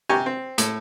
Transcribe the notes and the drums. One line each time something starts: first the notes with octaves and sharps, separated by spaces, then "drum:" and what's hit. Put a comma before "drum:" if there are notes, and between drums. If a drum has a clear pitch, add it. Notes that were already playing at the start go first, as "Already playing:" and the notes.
C3 G4 G#5 A#5 C#6
C4
A2, drum: hi-hat